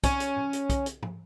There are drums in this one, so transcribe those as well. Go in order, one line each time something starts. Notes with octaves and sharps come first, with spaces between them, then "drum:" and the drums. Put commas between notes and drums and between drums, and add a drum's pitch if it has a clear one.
C#4, drum: kick, hi-hat
drum: hi-hat
drum: tom A2
drum: hi-hat
drum: kick, hi-hat
drum: hi-hat
drum: tom